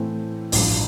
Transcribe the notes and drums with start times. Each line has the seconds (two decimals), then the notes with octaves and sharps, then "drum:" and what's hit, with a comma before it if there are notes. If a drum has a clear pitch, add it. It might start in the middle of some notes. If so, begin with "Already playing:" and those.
Already playing: A2 E3 A3 C4
0.52 A1 G2 F3, drum: open hi-hat